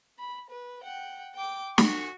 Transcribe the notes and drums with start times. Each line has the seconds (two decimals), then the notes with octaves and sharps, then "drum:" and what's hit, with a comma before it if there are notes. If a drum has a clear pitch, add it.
0.19 B5
0.50 B4
0.83 F#5 G5
1.35 G5 D6
1.78 F#4 C#6, drum: snare